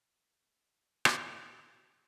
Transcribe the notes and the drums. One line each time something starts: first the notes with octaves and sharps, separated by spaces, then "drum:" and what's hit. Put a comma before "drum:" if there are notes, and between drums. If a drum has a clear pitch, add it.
G2 D#4
drum: rim click